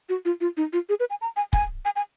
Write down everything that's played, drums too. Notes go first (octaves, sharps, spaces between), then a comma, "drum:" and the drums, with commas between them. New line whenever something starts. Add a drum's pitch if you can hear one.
F#4
F4
F4
D#4
F4
G#4
B4
G#5
A#5
G#5
G#5, drum: kick
G#5
G#5